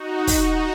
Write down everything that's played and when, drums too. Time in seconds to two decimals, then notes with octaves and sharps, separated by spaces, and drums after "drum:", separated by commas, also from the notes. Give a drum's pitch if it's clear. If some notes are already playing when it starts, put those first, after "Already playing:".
Already playing: D#4 F#4
0.27 drum: kick, open hi-hat